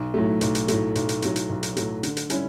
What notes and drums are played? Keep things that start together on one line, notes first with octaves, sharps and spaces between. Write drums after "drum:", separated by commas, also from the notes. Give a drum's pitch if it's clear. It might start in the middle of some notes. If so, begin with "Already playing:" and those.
Already playing: B1
A2 F#3 A3
B1, drum: hi-hat
drum: hi-hat
A2 F#3 A3, drum: hi-hat
B1, drum: hi-hat
drum: hi-hat
A2 F#3 A3, drum: hi-hat
drum: hi-hat
B1
drum: hi-hat
A2 F#3 A3, drum: hi-hat
D3, drum: hi-hat
drum: hi-hat
G3 C#4 E4, drum: hi-hat